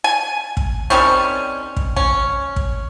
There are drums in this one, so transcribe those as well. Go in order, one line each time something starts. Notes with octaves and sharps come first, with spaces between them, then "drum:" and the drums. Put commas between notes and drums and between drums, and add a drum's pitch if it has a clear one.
G#5
drum: kick
D#3 G3 C4 C#4
drum: kick
C#4, drum: kick
drum: kick